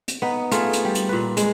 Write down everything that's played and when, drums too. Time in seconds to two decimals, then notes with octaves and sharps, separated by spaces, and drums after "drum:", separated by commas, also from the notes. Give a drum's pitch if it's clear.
0.08 drum: hi-hat
0.22 B3 D#4
0.51 A3 F4 G#4, drum: hi-hat
0.73 drum: hi-hat
0.85 G3
0.95 drum: hi-hat
1.09 A#2 B4
1.37 G#3, drum: hi-hat